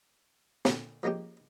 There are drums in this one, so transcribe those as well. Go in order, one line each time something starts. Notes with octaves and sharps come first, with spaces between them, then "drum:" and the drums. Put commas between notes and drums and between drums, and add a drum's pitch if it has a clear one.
A#2 D3, drum: snare
F3 G#3 A#3 C#4 G4